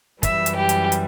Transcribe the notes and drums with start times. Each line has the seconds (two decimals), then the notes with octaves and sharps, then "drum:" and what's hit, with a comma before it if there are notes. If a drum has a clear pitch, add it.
0.23 F#2 E3 G3 E5, drum: kick, hi-hat
0.46 drum: hi-hat
0.57 G4
0.69 drum: hi-hat
0.92 drum: hi-hat